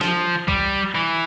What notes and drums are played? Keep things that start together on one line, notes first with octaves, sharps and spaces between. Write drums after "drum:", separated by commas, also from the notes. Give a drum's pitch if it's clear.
F3, drum: snare
G3, drum: kick
E3